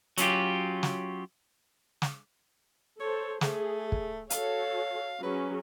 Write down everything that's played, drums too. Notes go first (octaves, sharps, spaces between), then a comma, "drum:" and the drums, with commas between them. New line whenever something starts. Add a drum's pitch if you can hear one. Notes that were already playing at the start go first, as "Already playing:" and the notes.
F#3 C#4 F4 G4, drum: hi-hat
drum: snare
drum: snare
A4 C5 C#5
A3 G#4, drum: snare
drum: kick
F#4 A4 C#5 F5, drum: hi-hat
F#3 C#4 G#4 B4